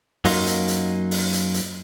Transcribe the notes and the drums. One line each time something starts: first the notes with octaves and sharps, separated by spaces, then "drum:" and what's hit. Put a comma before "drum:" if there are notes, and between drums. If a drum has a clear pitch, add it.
F#2 F#3 A#3 D#4 F4, drum: open hi-hat
drum: hi-hat
drum: hi-hat
drum: open hi-hat
drum: hi-hat
drum: hi-hat